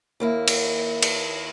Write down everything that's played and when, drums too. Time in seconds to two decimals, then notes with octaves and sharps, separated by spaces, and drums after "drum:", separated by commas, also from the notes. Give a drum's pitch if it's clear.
0.20 D#2 A#3 E4
0.48 drum: cymbal
1.02 drum: cymbal